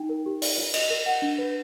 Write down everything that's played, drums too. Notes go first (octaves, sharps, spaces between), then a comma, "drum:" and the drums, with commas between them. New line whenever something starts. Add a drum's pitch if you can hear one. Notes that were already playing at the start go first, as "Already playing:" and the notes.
Already playing: D#4 G5
A#4
G4
D5, drum: open hi-hat
F4
D#5, drum: cymbal
A#4
F#5
D4
B4